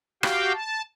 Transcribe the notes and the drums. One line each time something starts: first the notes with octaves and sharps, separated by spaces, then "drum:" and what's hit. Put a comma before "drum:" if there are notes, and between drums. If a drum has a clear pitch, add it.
F#4 G4 F5 G5, drum: rim click
A5